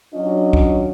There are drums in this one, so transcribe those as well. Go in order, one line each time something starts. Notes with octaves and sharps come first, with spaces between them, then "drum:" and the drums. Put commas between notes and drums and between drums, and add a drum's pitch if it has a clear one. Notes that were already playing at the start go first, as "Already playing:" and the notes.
F#3 C#4 D4 F4 D#5
drum: kick